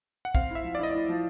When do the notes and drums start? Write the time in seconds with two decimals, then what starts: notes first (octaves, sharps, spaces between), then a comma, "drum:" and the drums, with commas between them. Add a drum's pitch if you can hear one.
0.25 F#5
0.35 C4 F5, drum: kick
0.50 E4
0.55 E5
0.64 F3
0.75 D5
0.79 E4 D#5
0.91 E4 D5
1.09 F3